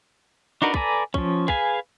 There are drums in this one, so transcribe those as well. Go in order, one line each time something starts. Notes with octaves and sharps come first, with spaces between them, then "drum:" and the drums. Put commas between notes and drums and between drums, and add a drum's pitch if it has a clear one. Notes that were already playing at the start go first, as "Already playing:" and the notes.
D4 D#4 F#4 A#4 B4
A4 B4 D5 G#5 A#5, drum: kick
F3 C#4, drum: kick
G#4 B4 F5 G#5, drum: kick